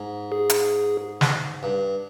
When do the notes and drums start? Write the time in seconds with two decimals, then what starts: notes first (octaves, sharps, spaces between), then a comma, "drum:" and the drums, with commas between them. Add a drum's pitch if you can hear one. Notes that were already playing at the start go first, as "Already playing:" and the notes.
Already playing: G#2
0.32 G#4
0.50 drum: hi-hat
1.21 drum: snare
1.63 G2